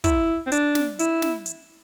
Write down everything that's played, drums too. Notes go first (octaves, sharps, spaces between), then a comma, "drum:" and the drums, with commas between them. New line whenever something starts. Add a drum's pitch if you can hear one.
E4, drum: kick, hi-hat
C4
D4, drum: hi-hat
drum: snare
E4, drum: hi-hat
drum: snare
drum: hi-hat